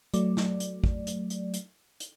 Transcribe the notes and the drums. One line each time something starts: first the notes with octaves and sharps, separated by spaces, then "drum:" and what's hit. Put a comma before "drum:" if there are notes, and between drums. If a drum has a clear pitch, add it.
F#3 A3 D5, drum: hi-hat
drum: snare
drum: hi-hat
drum: kick
drum: hi-hat
drum: hi-hat
drum: hi-hat
drum: hi-hat